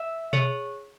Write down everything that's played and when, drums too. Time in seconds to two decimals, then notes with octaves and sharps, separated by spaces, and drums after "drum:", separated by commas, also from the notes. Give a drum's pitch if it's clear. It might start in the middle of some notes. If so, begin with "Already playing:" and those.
Already playing: E5
0.33 G#4 C#5, drum: tom B2